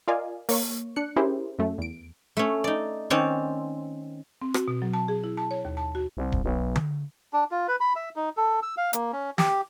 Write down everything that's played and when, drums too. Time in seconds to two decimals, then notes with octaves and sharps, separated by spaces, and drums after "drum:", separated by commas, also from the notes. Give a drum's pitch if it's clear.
0.08 F4 A#4 D5 D#5 F5 G#5
0.49 A#3 C#5 C#6, drum: open hi-hat
0.96 D4 F#6 C#7
1.16 C#4 E4 G4 G#4 A#4 C5
1.59 F#2 A3
1.78 E2 D7
2.37 A3 C#4
2.64 D#4 D5
3.10 D#3 C4 C#4 D5
4.42 C4
4.54 F#4, drum: rim click
4.68 B2
4.82 F#3
4.94 A5
5.08 G#4
5.24 E4
5.37 A5
5.51 C#5
5.65 D#2
5.77 A5
5.95 F#4
6.17 C2
6.32 drum: kick D1
6.44 B1
6.76 drum: tom D3
7.33 D4
7.51 F4
7.68 B4
7.80 B5
7.96 E5
8.16 D#4
8.37 A4
8.63 E6
8.77 F5
8.93 A#3, drum: hi-hat
9.13 C#4
9.38 G4, drum: snare